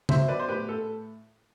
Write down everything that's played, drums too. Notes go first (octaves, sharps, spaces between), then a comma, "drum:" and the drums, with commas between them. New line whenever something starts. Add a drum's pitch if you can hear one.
F#3 C5 E5, drum: tom
B3 B4 D5
C5
A2 G4 B4
A2 A4